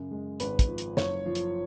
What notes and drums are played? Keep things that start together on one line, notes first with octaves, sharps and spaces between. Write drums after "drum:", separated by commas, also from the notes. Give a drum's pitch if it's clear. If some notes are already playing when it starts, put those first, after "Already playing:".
Already playing: F#2 C#3
G#3
G#1 B4, drum: hi-hat
drum: kick, hi-hat
F3
drum: hi-hat
F#1 C#5, drum: snare
F3
drum: hi-hat